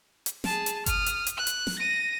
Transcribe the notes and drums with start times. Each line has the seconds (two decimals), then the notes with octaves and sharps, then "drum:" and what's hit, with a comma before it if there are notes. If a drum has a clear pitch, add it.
0.26 drum: hi-hat
0.44 G#4 A5, drum: snare
0.66 drum: hi-hat
0.86 D#6 F6, drum: kick G1, hi-hat
1.06 drum: hi-hat
1.27 drum: hi-hat
1.37 F#6
1.47 drum: hi-hat
1.67 drum: snare
1.79 A#6 D#7